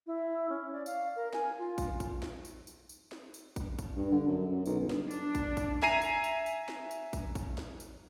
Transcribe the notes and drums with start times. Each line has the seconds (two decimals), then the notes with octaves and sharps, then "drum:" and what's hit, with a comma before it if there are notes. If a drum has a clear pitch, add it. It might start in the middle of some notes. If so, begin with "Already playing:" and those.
0.07 E4
0.49 C#4
0.72 D5
0.86 F5, drum: tambourine
1.16 A#4
1.33 G#5, drum: snare
1.59 F4
1.78 drum: kick, tambourine
2.00 drum: kick, tambourine
2.22 drum: snare
2.45 drum: tambourine
2.67 drum: tambourine
2.89 drum: tambourine
3.12 drum: snare
3.34 drum: tambourine
3.56 drum: kick, tambourine
3.79 drum: kick, tambourine
3.96 G2
4.12 D3
4.27 F#2
4.50 F#2
4.66 B1, drum: tambourine
4.80 G1
4.90 drum: snare
5.11 D4, drum: tambourine
5.35 drum: kick, tambourine
5.57 drum: kick, tambourine
5.82 E5 G#5 A#5 C7 D#7, drum: snare
6.02 drum: tambourine
6.24 drum: tambourine
6.46 drum: tambourine
6.68 drum: snare
6.91 drum: tambourine
7.13 drum: kick, tambourine
7.35 drum: kick, tambourine
7.58 drum: snare
7.80 drum: tambourine